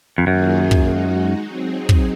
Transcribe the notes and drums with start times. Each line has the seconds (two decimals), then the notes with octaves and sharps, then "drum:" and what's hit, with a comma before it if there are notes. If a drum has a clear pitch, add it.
0.18 F2
0.27 F#2 D#3 F#3 A#3 F4 G#4
0.71 drum: kick
0.86 G#3 D#4 F#4
1.45 F#3 C4 D#4 G#4
1.89 drum: kick